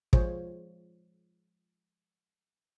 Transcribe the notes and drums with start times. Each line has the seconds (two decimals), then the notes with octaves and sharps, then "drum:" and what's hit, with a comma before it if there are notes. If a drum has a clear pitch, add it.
0.13 F3 G#3 F4 G#4 C5 C#5, drum: kick